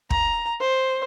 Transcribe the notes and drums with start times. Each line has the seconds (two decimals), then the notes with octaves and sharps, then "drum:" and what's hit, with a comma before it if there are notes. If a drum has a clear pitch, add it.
0.10 A#5, drum: kick
0.61 C5